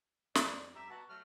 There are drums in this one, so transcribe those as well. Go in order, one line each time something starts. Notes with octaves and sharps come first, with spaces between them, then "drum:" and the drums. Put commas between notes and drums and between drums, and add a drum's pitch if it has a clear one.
F2 D5, drum: snare
G2 G4 E5 A#5
B2 F#4 A5
F#3 A3 F6